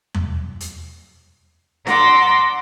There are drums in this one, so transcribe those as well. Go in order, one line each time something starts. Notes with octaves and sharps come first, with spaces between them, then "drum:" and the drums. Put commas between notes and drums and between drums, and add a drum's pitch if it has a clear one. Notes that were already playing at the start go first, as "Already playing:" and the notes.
drum: tom E2
drum: hi-hat
D5 F#5 A#5 C6 D6 E6, drum: snare D4